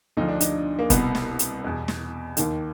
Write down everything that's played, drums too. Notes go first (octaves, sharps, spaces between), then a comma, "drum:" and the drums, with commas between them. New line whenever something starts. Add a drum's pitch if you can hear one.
D2 D3 F3 D#4
D4
D#4, drum: hi-hat
A#3
C2 B2 B3, drum: kick, hi-hat
drum: snare
drum: hi-hat
E2 B2
drum: snare
D#2 D#3, drum: hi-hat